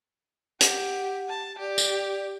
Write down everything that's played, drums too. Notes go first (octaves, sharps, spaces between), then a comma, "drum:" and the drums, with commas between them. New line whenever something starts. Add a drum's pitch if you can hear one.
G4 F#5, drum: hi-hat
A5
G4 D5
drum: tambourine